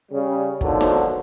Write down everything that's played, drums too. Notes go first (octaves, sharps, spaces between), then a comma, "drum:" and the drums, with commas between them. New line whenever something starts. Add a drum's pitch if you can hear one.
C#3 G3
G#2 B2 D3 D#3 F3 F#3, drum: kick
drum: snare D#4